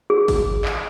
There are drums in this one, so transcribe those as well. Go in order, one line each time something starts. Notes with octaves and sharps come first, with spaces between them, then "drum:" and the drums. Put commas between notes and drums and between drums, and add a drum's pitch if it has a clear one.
G#4
drum: kick G#1, open hi-hat
drum: clap